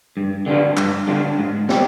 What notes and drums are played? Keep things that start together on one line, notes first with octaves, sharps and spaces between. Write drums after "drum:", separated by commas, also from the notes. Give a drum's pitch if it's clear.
G2
D3 G3 D4 F4
G2, drum: clap
D3 G3 D4 F4
G#2
G3 C4 G4, drum: snare